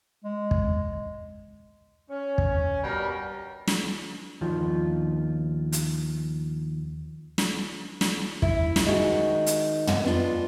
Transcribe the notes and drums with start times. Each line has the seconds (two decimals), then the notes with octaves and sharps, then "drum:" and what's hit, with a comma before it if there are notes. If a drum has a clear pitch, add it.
0.24 G#3
0.51 drum: kick
2.10 C#4
2.38 drum: kick
2.83 B2 G3 D4 A#4 B4 A#5
3.68 drum: snare
4.41 D#2 D#3 F3 F4
5.72 drum: hi-hat
7.38 drum: snare
8.01 drum: snare
8.42 E4, drum: kick
8.76 drum: snare
8.87 D#3 G#3 F#4 D#5
9.46 drum: hi-hat
9.87 drum: tom
10.03 B3 D4 F4